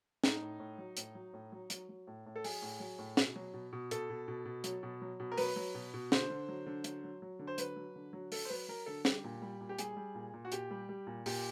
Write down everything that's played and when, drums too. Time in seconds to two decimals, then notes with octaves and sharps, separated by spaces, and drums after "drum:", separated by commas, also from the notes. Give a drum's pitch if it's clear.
0.24 A2 D#4, drum: snare
0.42 A2
0.60 A2
0.78 F#3
0.97 A2, drum: hi-hat
1.15 F#3
1.33 A2
1.52 F#3
1.70 F#3, drum: hi-hat
1.89 F#3
2.07 A2
2.26 A2
2.36 A4
2.44 F#3 G#4, drum: open hi-hat
2.62 A2
2.80 F#3
2.99 A2
3.17 B2, drum: snare
3.36 F#3
3.53 B2
3.72 B2
3.91 B2 A4, drum: hi-hat
4.10 B2
4.28 B2
4.45 B2
4.64 F#3, drum: hi-hat
4.83 B2
5.02 F#3
5.20 B2
5.32 A#4
5.37 F#3 B4, drum: open hi-hat
5.56 F#3
5.75 B2
5.94 B2
6.12 D3 C5, drum: snare
6.30 D3
6.48 F#3
6.66 D3
6.84 F#3, drum: hi-hat
7.04 F#3
7.22 F#3
7.39 D3
7.47 C5
7.58 F#3 B4, drum: hi-hat
7.76 F#3
7.96 D3
8.13 F#3
8.32 F#3 A4, drum: open hi-hat
8.45 C5
8.50 F#3 B4
8.68 F#3 A#4
8.86 D3 A4
9.05 G3 G4, drum: snare
9.24 A#2
9.42 G3
9.61 A#2
9.69 G4
9.78 G3 G#4, drum: hi-hat
9.97 G3
10.15 A#2
10.34 A#2
10.45 F#4
10.52 A#2 G4, drum: hi-hat
10.71 G3
10.89 G3
11.07 A#2
11.26 A#2 G4, drum: open hi-hat